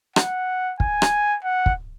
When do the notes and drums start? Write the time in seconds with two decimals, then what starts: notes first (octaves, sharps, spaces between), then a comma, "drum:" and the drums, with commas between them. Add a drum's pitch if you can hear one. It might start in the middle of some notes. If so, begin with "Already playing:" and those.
0.16 F#5, drum: rim click
0.80 G#5, drum: kick
1.02 drum: rim click
1.44 F#5
1.66 drum: kick